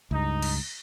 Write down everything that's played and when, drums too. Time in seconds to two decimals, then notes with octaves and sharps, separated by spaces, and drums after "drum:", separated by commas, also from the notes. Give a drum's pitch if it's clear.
0.11 C#2 G2 D#4
0.42 drum: cymbal